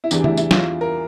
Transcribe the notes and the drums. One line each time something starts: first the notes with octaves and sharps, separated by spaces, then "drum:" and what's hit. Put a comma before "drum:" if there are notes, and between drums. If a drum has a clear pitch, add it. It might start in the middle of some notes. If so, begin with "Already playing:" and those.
E4
E2 E3 G3 D4, drum: tambourine
E4, drum: tom C#3
E4, drum: tambourine
F4, drum: snare
A#4